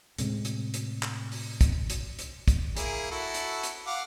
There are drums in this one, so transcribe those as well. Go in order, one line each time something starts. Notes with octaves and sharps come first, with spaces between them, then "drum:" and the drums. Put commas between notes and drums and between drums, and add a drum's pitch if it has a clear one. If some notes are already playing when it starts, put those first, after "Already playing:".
A2 C3 G#3, drum: hi-hat
drum: hi-hat
drum: hi-hat
drum: clap
drum: open hi-hat
drum: kick, hi-hat
drum: hi-hat
drum: hi-hat
drum: kick, hi-hat
A#3 E4 G#4, drum: hi-hat
E4 F#4 A4
drum: hi-hat
drum: hi-hat
F5 F#5 D6